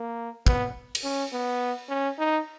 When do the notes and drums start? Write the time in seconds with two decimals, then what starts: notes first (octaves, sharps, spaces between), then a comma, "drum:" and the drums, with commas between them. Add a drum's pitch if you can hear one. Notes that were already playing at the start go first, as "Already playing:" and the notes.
Already playing: A#3
0.47 B3, drum: kick
0.95 drum: cymbal
1.04 C#4
1.33 B3
1.89 C#4
2.19 D#4